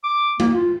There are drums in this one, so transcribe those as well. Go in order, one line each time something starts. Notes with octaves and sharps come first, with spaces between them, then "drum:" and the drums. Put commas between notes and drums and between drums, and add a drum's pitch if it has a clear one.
D6
A#3, drum: tom G3
F4